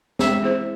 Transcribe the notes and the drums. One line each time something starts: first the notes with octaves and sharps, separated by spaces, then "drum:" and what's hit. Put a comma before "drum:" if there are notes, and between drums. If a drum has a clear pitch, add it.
G#3 E5, drum: snare
C4 E4 G#4 C5